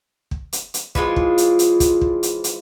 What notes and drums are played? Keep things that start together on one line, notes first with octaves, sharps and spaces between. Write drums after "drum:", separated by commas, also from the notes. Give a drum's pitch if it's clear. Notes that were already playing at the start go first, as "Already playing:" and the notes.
drum: kick
drum: hi-hat
drum: hi-hat
E3 F3 G#3 F4, drum: kick
drum: kick
drum: hi-hat
drum: hi-hat
drum: kick, hi-hat
drum: kick
drum: hi-hat
drum: hi-hat